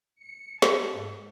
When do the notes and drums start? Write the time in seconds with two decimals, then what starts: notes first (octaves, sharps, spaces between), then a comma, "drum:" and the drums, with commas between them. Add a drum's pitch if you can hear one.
0.21 C#7
0.62 A5, drum: snare
0.97 G#2